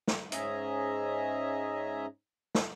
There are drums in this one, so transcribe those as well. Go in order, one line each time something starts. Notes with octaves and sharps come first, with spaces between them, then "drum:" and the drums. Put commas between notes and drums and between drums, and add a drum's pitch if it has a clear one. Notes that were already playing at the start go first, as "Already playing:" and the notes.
drum: snare
G#2 C#4 G#4 D#5 E5 A#5, drum: hi-hat
drum: snare